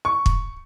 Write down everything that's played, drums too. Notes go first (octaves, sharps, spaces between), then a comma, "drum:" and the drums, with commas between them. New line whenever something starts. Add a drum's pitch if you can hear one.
C#6
drum: kick